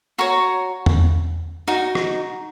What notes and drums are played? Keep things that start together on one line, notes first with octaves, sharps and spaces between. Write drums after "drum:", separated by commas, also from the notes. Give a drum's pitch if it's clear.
F#4 C#5 A#5 C#6
drum: tom E2
D#4 F#4
drum: rim click